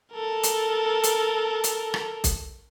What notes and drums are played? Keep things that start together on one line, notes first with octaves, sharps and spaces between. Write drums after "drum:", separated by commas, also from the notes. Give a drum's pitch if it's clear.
A4 A#4
drum: hi-hat
drum: hi-hat
drum: hi-hat
drum: rim click
drum: kick, hi-hat